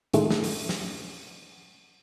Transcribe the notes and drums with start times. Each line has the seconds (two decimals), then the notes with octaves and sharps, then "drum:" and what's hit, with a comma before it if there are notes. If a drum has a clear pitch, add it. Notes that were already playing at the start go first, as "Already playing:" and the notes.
0.14 A2 D#3 G#3 A3, drum: hi-hat
0.31 drum: snare
0.44 drum: open hi-hat
0.69 drum: snare